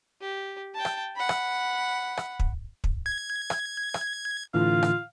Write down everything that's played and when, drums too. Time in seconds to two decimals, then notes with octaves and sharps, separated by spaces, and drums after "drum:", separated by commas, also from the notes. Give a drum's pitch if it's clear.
0.21 G4
0.74 G5 A5
0.85 drum: rim click
1.16 F#5 B5
1.29 drum: rim click
2.17 drum: rim click
2.40 drum: kick
2.84 drum: kick
3.06 G#6
3.50 drum: rim click
3.94 drum: rim click
4.54 A2 D3 E3 F4 F5
4.83 drum: rim click